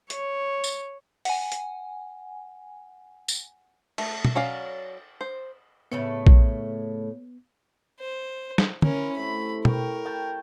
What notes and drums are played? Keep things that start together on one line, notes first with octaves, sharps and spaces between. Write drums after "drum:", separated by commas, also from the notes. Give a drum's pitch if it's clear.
C#5, drum: hi-hat
drum: tambourine
F#5 G#5, drum: open hi-hat
drum: hi-hat
drum: tambourine
A3, drum: cymbal
drum: tom B2
F#3 C#4 D5 F5
C5
A2 C#3 A3 B3 C#5
drum: kick A#1
C5
drum: snare
C#4 E4 A#4 C5, drum: tom
A2 C3 A3 B5
A#4 G5 C#6, drum: tom B2
G5 A5